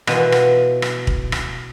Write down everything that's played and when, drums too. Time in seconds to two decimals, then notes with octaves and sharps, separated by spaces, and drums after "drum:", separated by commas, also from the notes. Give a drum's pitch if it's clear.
0.07 B2 E3 F4, drum: rim click
0.32 drum: rim click
0.82 drum: rim click
1.07 drum: kick
1.32 drum: rim click